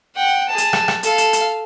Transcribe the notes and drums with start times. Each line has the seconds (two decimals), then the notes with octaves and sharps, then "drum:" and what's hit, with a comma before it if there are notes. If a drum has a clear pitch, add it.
0.15 F#5 G5
0.49 G#4 A5
0.58 drum: hi-hat
0.73 drum: rim click
0.88 drum: rim click
1.03 A4 F5, drum: hi-hat
1.18 drum: hi-hat
1.33 drum: hi-hat